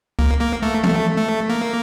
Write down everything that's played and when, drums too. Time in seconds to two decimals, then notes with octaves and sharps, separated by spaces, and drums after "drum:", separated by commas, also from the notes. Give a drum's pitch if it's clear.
0.19 A#3, drum: kick C#2
0.41 A#3
0.62 A3
0.83 A3, drum: tom E3
1.17 A3
1.50 A#3